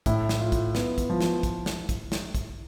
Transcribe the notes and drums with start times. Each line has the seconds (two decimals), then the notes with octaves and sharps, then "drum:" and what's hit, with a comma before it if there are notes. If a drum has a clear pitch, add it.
0.06 A2 E4, drum: kick, hi-hat
0.29 drum: snare
0.40 F4
0.52 drum: kick, hi-hat
0.75 B3, drum: snare
0.98 drum: kick, hi-hat
1.10 F3
1.21 drum: snare
1.43 drum: kick, hi-hat
1.66 drum: snare
1.89 drum: kick, hi-hat
2.12 drum: snare
2.35 drum: kick, hi-hat